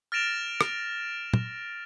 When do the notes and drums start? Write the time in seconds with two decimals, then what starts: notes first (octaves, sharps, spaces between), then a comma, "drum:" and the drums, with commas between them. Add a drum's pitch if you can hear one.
0.12 F6 A6 A#6 D7 E7 F7
0.61 drum: rim click
1.34 drum: tom